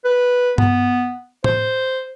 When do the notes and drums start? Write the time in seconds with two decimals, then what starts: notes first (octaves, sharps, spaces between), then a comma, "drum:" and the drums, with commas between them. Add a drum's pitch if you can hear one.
0.04 B4
0.58 B3, drum: tom G2
1.44 C5, drum: tom A2